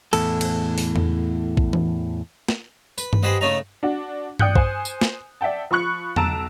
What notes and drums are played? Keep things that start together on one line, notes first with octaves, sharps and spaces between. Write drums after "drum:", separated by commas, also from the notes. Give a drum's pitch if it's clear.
E2 A2 A4, drum: cymbal
drum: cymbal
drum: open hi-hat
drum: tom E2
drum: kick
drum: tom E3
drum: snare
B4, drum: tambourine
drum: tom G2
G4 G#4 B4 C5 D#5 F#5
C#3 A3 C#4 D#4 A#5
D4 F#4
D5 G5 D#6 F#6 G6 C#7, drum: tom G2
C5 G#5, drum: kick
drum: tambourine
drum: snare
D5 E5 F#5 G5 A5
F3 B5 C#6 F#6 C#7
B1 A5 A#5 E6 D7 E7, drum: tom E2